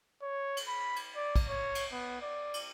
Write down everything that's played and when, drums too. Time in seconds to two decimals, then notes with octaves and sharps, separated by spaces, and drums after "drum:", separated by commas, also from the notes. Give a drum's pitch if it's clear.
0.22 C#5
0.57 drum: cymbal
0.68 B5
0.96 drum: cymbal
1.16 D5
1.36 drum: kick, cymbal
1.49 C#5
1.75 drum: cymbal
1.92 B3
2.22 D5
2.54 drum: cymbal